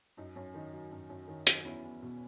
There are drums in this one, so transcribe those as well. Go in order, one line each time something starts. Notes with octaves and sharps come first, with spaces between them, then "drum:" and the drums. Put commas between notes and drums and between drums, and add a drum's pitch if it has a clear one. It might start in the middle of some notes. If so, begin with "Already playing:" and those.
F#2 D#4
F#2 C#4
D#3 D#4
F#3
F#2
F#2
D#3
F#3, drum: hi-hat
E2 C#4 E4
E2
B2